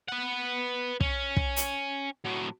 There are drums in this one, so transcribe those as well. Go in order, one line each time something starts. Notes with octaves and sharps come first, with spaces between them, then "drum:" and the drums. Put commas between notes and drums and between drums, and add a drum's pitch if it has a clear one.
B4 F#5
C#4, drum: kick
drum: kick
drum: hi-hat
A2 F#3